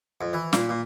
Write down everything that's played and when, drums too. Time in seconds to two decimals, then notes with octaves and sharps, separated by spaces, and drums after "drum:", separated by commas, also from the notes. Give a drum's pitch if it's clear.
0.21 F2
0.33 E3
0.53 A#2, drum: snare
0.69 A#2